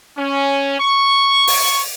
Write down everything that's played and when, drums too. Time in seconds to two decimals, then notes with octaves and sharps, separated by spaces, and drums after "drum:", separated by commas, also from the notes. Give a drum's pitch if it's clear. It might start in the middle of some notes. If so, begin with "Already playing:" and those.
0.18 C#4
0.79 C#6
1.47 drum: open hi-hat